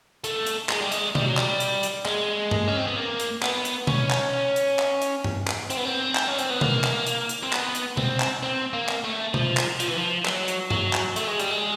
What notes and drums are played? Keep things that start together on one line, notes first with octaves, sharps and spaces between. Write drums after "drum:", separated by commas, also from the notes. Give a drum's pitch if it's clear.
A3, drum: hi-hat
drum: hi-hat
G#3, drum: clap
G3
G#3, drum: hi-hat
G3, drum: tom B2
F#3
G3, drum: clap
drum: hi-hat
drum: hi-hat
G#3, drum: clap
drum: tom G2
C#4
C4
B3
A#3
drum: hi-hat
B3, drum: clap
drum: hi-hat
C#4, drum: tom B2
drum: clap
drum: hi-hat
drum: clap
drum: hi-hat
drum: tom G2
drum: clap
C4, drum: hi-hat
B3
C4
drum: clap
C#4
C4, drum: hi-hat
B3
A#3, drum: tom B2
drum: clap
drum: hi-hat
drum: hi-hat
C4
B3, drum: clap
drum: hi-hat
C4, drum: tom B2
drum: clap
C4
A#3
drum: clap
A3
F3, drum: tom B2
drum: clap
F3, drum: hi-hat
E3
F3
F#3, drum: clap
drum: hi-hat
F#3, drum: tom G2
drum: clap
A3, drum: hi-hat
G#3
G3, drum: hi-hat
G#3